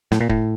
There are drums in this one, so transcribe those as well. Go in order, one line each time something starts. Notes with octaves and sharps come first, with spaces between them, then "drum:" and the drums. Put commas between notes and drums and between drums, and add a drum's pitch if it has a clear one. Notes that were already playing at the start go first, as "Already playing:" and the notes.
A2, drum: snare
A#2
A2, drum: kick